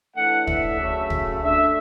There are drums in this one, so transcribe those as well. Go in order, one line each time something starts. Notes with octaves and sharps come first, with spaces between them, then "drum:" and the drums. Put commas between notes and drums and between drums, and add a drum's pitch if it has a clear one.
A2 E3 A3 D4 F#5
E5, drum: kick
C#3 F#3 A3
drum: kick
D3 A3 D4 E5